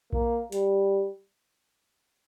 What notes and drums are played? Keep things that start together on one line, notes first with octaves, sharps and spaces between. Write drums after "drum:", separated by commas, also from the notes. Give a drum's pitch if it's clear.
A#3, drum: kick A#1
G3, drum: hi-hat